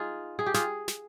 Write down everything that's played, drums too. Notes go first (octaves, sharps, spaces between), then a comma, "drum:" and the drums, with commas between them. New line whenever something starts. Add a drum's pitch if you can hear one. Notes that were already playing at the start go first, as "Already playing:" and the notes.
Already playing: D#4 F4 G#4
G#4
G4
F4 G#4, drum: snare
drum: snare